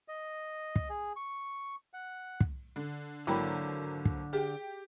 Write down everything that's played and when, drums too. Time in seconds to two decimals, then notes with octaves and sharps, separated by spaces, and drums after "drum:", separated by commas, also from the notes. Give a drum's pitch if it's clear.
0.08 D#5
0.76 drum: kick
0.90 G#4
1.16 C#6
1.93 F#5
2.40 drum: kick
2.76 D3
3.27 G#1 D3 F#3 A#3 E4 G5 B5
4.05 drum: kick
4.33 G4 G#4 G5